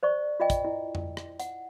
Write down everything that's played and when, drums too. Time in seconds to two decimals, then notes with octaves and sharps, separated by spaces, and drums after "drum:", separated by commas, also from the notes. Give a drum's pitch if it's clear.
0.03 C5 D5 C#6
0.40 F4 D5 D#5 G5
0.50 drum: kick, hi-hat
0.65 E4
0.95 drum: tom F2
1.17 drum: rim click
1.40 F#5, drum: hi-hat